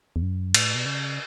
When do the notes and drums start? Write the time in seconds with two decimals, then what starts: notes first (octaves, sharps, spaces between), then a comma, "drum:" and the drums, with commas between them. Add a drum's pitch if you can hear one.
0.16 E2
0.22 F#2
0.54 A2, drum: cymbal
0.75 B2
0.85 C#3